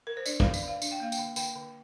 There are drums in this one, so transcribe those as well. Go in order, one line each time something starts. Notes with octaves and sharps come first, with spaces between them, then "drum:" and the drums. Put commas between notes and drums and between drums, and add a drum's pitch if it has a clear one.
A#4
C5
D4 D5, drum: tambourine
D3 F5, drum: kick
D5, drum: tambourine
D3 F5
D4, drum: tambourine
G5
A#3 F5
G5, drum: tambourine
D3
D3 G5, drum: tambourine
D3